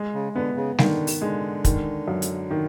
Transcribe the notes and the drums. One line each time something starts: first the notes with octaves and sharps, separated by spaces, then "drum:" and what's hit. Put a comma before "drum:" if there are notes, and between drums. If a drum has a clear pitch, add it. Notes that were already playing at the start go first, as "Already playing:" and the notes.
Already playing: G#3
C#3
D3 B3
C#3
D3 D#3, drum: snare G3
drum: open hi-hat
D3 G#3
D#3, drum: kick, hi-hat
F#2
drum: hi-hat
D#3